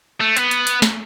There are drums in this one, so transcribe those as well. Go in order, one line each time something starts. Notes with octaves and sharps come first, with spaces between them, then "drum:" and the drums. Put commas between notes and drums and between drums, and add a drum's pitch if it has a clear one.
A3
B3, drum: hi-hat
drum: hi-hat
drum: hi-hat
drum: snare